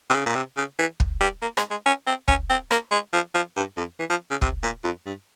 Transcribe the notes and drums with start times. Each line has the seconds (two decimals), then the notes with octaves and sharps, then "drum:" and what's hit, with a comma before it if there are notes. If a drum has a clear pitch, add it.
0.10 C3
0.15 C#3
0.26 A#2
0.35 C3
0.57 C#3
0.79 E3
1.00 drum: kick
1.21 G3
1.42 A#3
1.57 G#3, drum: rim click
1.71 G#3
1.86 C#4
2.07 C4
2.28 C#4, drum: kick
2.50 C4
2.71 A#3, drum: rim click
2.91 G#3
3.13 F3
3.34 F3
3.57 G2
3.77 F2
3.99 E3
4.10 F3
4.31 C#3
4.42 C3, drum: kick
4.63 A#2
4.84 F2
5.06 G2